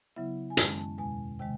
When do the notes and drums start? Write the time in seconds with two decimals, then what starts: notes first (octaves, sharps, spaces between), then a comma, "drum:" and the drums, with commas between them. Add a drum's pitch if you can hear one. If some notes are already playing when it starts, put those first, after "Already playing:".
0.16 C#3 F#3 B3 E4 E5
0.50 G#5
0.57 F#2 D#3 G#3 C#4 A5, drum: hi-hat
0.77 A5
0.98 E2 B2 G#3 G#5
1.39 C3 D#3 G#3 G5